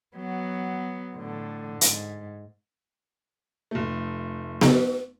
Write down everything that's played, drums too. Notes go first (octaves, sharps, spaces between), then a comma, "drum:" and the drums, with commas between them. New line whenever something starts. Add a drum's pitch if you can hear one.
F#3 B3
A2 D3
G#2, drum: hi-hat
F1 A3
drum: snare B3